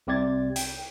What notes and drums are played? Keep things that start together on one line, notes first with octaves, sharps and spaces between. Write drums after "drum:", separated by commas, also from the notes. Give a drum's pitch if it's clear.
C2 C3 G4 D5 G#6 A6
G5, drum: hi-hat